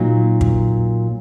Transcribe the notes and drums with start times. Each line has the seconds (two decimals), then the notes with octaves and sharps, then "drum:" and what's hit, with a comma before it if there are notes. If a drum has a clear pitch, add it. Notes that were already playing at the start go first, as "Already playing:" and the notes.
Already playing: A#2 F#3 A#3 D#4
0.41 drum: kick